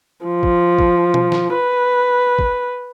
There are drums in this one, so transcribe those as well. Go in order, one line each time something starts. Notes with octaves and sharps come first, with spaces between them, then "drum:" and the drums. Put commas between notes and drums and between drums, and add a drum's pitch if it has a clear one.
F3
drum: kick
drum: kick
drum: tom B2
drum: snare
B4
drum: kick